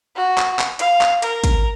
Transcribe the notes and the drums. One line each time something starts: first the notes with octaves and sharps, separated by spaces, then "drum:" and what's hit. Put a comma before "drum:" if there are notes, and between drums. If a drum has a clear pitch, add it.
F#4
drum: clap
drum: clap
F5, drum: hi-hat
drum: clap
A#4, drum: hi-hat
drum: kick, hi-hat